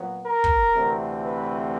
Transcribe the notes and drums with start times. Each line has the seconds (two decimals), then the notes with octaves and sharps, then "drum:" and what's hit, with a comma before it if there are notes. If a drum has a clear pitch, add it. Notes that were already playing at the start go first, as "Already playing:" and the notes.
Already playing: A#2 F#3 B3
0.26 A#4
0.44 drum: kick
0.74 D2 C3 E3 A3 C4
1.24 B4